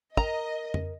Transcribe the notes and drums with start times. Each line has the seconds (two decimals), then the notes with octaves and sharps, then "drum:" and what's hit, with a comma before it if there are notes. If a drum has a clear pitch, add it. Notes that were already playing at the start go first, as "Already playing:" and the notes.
0.17 A#4 D#5 A#5, drum: kick
0.74 drum: tom F2